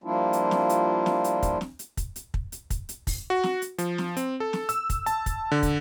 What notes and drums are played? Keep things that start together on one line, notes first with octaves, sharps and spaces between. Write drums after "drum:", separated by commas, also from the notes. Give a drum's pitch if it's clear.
F3 G3 A#3 D4 E4 F4
drum: hi-hat
drum: snare
drum: hi-hat
drum: snare
drum: hi-hat
drum: kick, hi-hat
drum: snare
drum: hi-hat
drum: kick, hi-hat
drum: hi-hat
drum: kick
drum: hi-hat
drum: kick, hi-hat
drum: hi-hat
drum: kick, open hi-hat
F#4
drum: snare
drum: hi-hat
F3, drum: hi-hat
drum: snare
C4, drum: hi-hat
A4
drum: snare
E6, drum: hi-hat
drum: kick, hi-hat
A5, drum: hi-hat
drum: kick, hi-hat
D3
drum: kick, hi-hat